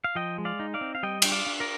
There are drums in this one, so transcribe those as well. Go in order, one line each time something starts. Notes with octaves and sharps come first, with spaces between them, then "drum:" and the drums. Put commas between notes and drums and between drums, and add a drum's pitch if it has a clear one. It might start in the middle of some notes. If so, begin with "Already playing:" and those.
F5
F3 D#5 G5
G#3
D5 F5
D#4
D5 F5
C4
F5
G3 D#5 G5
D4 G5, drum: cymbal
D5 F5
D4
A#4 D5